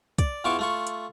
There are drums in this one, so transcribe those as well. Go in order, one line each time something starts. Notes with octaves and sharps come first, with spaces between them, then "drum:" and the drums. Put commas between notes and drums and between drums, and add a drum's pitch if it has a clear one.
D5, drum: kick, hi-hat
E2 E3 F4 C#6 D6
A3 F4 C#6
drum: hi-hat